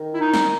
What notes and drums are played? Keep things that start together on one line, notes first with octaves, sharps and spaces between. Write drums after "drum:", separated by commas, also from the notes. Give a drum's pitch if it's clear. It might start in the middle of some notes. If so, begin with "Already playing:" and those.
Already playing: D#3
E4
D#4
drum: snare